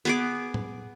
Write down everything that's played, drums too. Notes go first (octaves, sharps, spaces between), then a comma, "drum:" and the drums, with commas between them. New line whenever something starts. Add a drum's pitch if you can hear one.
B3 G#4 D6, drum: hi-hat
drum: tom